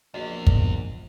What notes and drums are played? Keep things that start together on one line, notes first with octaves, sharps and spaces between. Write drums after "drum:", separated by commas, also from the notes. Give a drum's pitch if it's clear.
A#1 E2 F#4 G#4 D#5
drum: kick